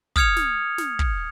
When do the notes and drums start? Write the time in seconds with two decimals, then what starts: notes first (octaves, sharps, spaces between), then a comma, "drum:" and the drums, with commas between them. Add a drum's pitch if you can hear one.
0.16 D#6 F6 G#6 C#7 F7, drum: kick
0.36 drum: snare
0.78 drum: snare
0.99 drum: kick